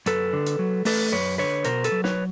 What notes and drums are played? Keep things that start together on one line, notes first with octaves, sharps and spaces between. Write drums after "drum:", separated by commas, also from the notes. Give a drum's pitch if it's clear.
F#2 A4 B4, drum: hi-hat
D3
drum: hi-hat
F#3
A3 A4 B4, drum: open hi-hat
F#2 B4 C#5
D3 B4 C#5
B2 A#4 C5, drum: hi-hat
A4 B4, drum: hi-hat
F#3
B4 C#5, drum: snare